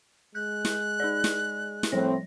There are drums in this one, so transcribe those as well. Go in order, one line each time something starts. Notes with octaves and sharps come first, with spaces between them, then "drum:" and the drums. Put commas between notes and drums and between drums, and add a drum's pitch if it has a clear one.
G#3 F#6 G6
drum: snare
D#4 G#4 D5
drum: snare
drum: snare
A2 F3 G3 C4 A#6